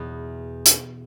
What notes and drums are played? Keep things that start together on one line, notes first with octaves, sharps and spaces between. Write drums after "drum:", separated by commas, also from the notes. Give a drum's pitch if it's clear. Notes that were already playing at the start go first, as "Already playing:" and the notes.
Already playing: E2 B2 B3 B4
drum: hi-hat